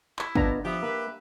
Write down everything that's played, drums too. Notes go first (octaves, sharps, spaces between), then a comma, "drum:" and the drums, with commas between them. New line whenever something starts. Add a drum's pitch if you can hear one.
E4, drum: clap
B3 D4 F4 D#5 A#5, drum: kick
F3 B3 G4 E5
A#3 B4